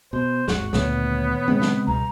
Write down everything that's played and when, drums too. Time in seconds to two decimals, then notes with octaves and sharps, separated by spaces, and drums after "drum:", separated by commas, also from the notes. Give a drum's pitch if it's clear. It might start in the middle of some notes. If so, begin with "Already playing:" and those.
0.13 B2 C5
0.48 G#1 D#2 G#2 F#4, drum: snare
0.73 D2 A#2 D#3 B3 C#5, drum: snare
1.48 C#3 G#3 C4
1.62 drum: snare
1.87 C#2 B2 G3 A#5